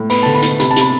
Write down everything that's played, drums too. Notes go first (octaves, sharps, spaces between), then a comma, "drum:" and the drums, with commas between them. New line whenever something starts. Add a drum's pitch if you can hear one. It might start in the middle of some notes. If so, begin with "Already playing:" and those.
Already playing: A2
B3 B5, drum: open hi-hat
D3 A5
B5
B3, drum: hi-hat
C3 B5, drum: hi-hat
A5
C3 B5, drum: hi-hat